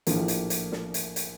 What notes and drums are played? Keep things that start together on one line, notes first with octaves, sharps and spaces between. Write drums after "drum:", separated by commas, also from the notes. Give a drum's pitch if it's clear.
A#1 A2 F3 A#3, drum: hi-hat
drum: hi-hat
drum: hi-hat
drum: snare
drum: hi-hat
drum: hi-hat